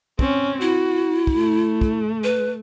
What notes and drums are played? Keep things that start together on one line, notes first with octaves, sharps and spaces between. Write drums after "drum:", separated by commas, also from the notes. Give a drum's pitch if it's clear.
C4 C#4, drum: kick
E4 F#4
drum: kick
A3
drum: kick
B4